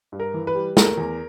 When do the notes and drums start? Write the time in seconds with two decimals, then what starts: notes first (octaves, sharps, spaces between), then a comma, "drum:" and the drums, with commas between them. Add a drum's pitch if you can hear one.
0.12 G2
0.20 A#4
0.34 E3
0.47 B4
0.55 G3
0.77 A3 A#4, drum: snare
0.98 E2